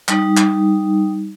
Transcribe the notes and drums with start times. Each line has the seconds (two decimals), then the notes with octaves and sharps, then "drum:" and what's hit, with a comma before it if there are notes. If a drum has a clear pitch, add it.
0.08 G3 D#4, drum: clap
0.37 drum: clap